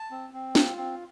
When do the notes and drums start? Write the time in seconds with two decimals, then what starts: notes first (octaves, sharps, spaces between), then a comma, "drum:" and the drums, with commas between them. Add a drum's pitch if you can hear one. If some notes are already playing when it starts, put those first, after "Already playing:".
Already playing: A5
0.11 C4
0.33 C4
0.55 F4, drum: snare
0.77 C4